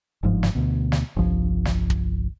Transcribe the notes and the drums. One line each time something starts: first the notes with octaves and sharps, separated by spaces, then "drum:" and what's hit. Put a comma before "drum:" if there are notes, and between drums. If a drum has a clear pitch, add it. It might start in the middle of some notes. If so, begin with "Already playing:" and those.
G1 G#2 F3
drum: snare
D2 B2
drum: snare
G1 C2 F3
drum: snare
drum: kick